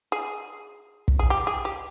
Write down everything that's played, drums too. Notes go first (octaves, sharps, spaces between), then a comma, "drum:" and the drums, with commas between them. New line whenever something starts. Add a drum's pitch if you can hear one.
G#4
drum: kick
G#4
G4
G#4
G4